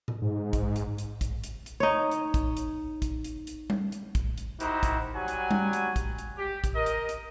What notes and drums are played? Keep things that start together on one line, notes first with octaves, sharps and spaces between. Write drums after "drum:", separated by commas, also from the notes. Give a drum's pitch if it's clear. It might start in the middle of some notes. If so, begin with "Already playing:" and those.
drum: tom A#2
G#2
drum: kick, hi-hat
drum: hi-hat
drum: hi-hat
drum: kick, hi-hat
drum: hi-hat
drum: hi-hat
D#4 C#5
drum: hi-hat
drum: kick, hi-hat
drum: hi-hat
drum: kick, hi-hat
drum: hi-hat
drum: hi-hat
drum: tom G3
drum: hi-hat
drum: kick, hi-hat
drum: hi-hat
D#4 E4 F#4 G4 A#4 C5, drum: hi-hat
drum: kick, hi-hat
F#3 G3 F#5 G#5
drum: hi-hat
drum: tom G3
drum: hi-hat
drum: kick, hi-hat
drum: hi-hat
G4
drum: kick, hi-hat
A#4 D#5
drum: hi-hat
drum: hi-hat